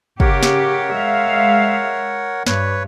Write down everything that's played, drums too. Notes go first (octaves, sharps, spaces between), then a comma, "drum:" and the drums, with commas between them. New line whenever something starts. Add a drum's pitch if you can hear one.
C#3 G4 A#4 C#5 F#5, drum: kick
drum: snare
G#3 E5 F5
G2 B4 C#5, drum: snare